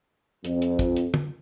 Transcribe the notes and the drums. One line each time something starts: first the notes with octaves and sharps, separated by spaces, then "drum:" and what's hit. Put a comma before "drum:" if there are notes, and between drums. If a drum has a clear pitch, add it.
F2, drum: hi-hat
drum: hi-hat
drum: kick, hi-hat
drum: hi-hat
drum: tom